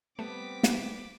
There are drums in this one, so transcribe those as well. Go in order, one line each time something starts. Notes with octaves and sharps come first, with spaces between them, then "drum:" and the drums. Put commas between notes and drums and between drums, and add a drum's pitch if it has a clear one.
G3 A3 B3 C4 D6 B6
drum: snare